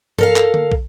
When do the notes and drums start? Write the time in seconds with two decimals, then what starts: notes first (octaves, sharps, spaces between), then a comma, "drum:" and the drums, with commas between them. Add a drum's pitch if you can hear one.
0.18 A4 A#4 F5, drum: tom G2
0.36 drum: clap
0.54 drum: tom D3
0.72 drum: kick